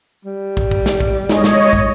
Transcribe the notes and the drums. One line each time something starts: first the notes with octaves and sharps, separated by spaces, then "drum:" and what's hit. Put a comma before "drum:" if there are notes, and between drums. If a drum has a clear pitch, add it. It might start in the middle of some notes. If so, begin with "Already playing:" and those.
G3
drum: kick
drum: kick
drum: snare
drum: kick
G#3 D#4 C#5 D#5, drum: snare
drum: snare
drum: kick